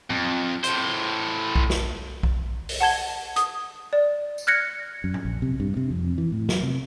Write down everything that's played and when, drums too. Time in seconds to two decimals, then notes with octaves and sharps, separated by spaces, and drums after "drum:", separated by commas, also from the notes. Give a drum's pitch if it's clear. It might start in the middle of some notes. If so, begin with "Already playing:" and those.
0.10 F2, drum: tom A2
0.64 A2 C5, drum: hi-hat
1.56 drum: kick B1
1.70 drum: snare
2.23 drum: kick B1
2.69 drum: open hi-hat
2.80 F#5 A5 G#6 G7
3.36 D#6, drum: hi-hat
3.93 D5
4.38 drum: tambourine
4.47 F6 F#6 G#6 A#6 C#7
5.04 F#2
5.14 drum: tom A2
5.25 A#1
5.42 C3
5.60 G2
5.77 C3
5.91 F2
6.18 E3
6.32 A2
6.49 F#3, drum: snare
6.63 C3